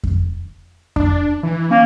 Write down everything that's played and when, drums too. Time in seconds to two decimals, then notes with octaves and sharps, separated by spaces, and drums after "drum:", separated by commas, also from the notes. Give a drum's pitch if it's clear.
0.04 drum: kick F2
0.96 D4, drum: kick F2
1.43 E3
1.71 A#3 C#4